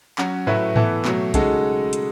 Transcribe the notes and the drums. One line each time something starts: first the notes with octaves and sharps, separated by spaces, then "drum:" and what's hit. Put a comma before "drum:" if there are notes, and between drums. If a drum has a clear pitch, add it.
F#3 C#4 F#4, drum: clap
A2 F#3 A3 E4 B4
E3 B3 E4 A4, drum: tom G#2
B2 F#3 A3, drum: clap
C#3 G#3 D#4 F#4 A4, drum: kick B1, hi-hat
drum: hi-hat